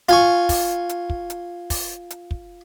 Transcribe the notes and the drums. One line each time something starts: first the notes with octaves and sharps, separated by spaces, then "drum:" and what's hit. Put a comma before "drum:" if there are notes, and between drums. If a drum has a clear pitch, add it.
F4 G#5 C#6, drum: hi-hat
drum: kick, open hi-hat
drum: hi-hat
drum: kick
drum: hi-hat
drum: kick, open hi-hat
drum: hi-hat
drum: kick